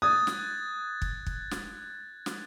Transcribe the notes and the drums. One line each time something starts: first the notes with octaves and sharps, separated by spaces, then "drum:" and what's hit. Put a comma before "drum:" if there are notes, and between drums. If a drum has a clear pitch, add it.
D#6 F#6 G#6 A6
drum: snare
drum: kick
drum: kick
drum: snare
drum: snare